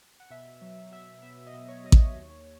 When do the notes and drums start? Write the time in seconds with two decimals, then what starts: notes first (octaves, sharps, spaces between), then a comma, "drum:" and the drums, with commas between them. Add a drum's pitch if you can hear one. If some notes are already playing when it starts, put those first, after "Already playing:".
0.20 F#5
0.30 B2 E5
0.61 F#3
0.92 B2 E5
1.22 B3 E5
1.47 D#5
1.53 B2
1.68 C#5
1.84 F#3 D#5
1.92 C#5, drum: kick A1
2.15 D#2